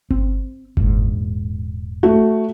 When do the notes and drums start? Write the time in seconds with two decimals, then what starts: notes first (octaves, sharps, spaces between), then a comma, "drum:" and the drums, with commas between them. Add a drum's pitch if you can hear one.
0.11 C4, drum: kick G1
0.77 E1 A#1 G#2, drum: kick G1
2.03 A3 F#4